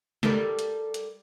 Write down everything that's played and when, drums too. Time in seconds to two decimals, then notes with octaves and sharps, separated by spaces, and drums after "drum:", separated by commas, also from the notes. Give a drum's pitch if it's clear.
0.23 G3 A4 A#4, drum: snare
0.59 drum: hi-hat
0.94 drum: hi-hat